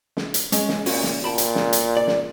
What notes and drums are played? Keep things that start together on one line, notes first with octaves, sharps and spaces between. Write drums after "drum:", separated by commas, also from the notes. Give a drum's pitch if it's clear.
drum: snare
drum: hi-hat
G#3 C#4, drum: hi-hat
drum: snare
A#2 C#4 F#4, drum: open hi-hat
drum: snare
A#2 G5 A5 B5
drum: hi-hat
drum: snare
drum: hi-hat
D5
drum: snare